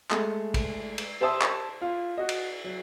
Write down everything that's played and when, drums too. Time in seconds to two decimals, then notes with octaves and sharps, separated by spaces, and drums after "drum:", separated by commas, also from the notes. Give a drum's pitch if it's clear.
0.11 G#3 A3, drum: clap
0.54 drum: kick, cymbal
0.98 drum: cymbal
1.21 G4 C5 E5 A5 D#6 E6
1.41 drum: clap
1.81 F4
2.17 F#4 D#5
2.29 drum: cymbal
2.64 F#3